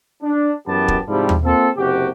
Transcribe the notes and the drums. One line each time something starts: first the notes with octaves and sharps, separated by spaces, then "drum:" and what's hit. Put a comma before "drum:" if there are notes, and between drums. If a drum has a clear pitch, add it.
D4
F#2 E3 B3 G4 A5
drum: kick
G#2 C3 F3 G3 E4
drum: tom D#2
A#3 C4 F4 A4
F#1 C3 F#4 G4